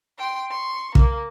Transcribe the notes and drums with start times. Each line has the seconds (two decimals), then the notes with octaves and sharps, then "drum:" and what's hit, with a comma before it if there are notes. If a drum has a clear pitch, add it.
0.18 G5 C6
0.51 C6 C#6
0.95 A#3, drum: kick